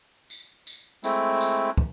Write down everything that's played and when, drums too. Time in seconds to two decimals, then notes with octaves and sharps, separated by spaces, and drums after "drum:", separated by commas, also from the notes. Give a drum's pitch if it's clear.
0.30 drum: tambourine
0.67 drum: tambourine
1.04 G#3 A3 C4 E4, drum: tambourine
1.41 drum: tambourine
1.78 drum: kick